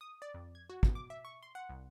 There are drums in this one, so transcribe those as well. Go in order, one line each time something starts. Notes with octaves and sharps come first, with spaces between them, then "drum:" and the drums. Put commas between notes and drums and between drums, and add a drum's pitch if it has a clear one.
D#6
D5
F2
G#6
F#4
B2, drum: kick
D6
E5
C#6
C6
F#5
C2